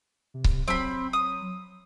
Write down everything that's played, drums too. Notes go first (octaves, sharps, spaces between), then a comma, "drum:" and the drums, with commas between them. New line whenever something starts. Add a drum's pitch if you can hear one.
C3
drum: kick C#1
F#3 C4 B5
D#6